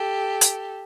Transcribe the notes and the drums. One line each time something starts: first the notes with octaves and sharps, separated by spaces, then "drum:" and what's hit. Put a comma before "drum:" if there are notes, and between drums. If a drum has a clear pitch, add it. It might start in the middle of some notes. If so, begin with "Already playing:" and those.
Already playing: G4 A4
drum: hi-hat